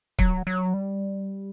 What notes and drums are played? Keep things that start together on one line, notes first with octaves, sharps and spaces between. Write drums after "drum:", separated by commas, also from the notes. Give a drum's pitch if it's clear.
F#3, drum: kick
F#3
G3